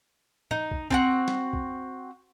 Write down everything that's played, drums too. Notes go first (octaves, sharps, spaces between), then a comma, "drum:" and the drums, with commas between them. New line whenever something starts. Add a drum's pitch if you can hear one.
D#4, drum: tom
drum: kick
C4 D4 F#4, drum: kick
drum: snare
drum: kick